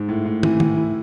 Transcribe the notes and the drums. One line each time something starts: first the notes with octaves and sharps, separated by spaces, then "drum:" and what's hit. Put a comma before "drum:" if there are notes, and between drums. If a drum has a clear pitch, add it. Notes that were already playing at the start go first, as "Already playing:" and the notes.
Already playing: G#2
A2
A2
E3, drum: tom
A2, drum: tom D#3
E4